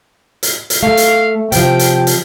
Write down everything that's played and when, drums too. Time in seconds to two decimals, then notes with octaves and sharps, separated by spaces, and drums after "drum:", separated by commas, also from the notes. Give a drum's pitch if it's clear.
0.43 drum: hi-hat
0.70 drum: hi-hat
0.83 A3 F5
0.97 drum: hi-hat
1.52 C3 F3 G5, drum: hi-hat
1.79 drum: hi-hat
2.07 drum: hi-hat